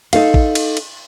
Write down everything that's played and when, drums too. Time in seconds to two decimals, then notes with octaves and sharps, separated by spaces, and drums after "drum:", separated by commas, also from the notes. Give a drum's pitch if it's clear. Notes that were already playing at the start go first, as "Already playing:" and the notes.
0.13 D#4 A4 F5, drum: cymbal
0.34 drum: kick A1
0.55 drum: cymbal
0.77 drum: cymbal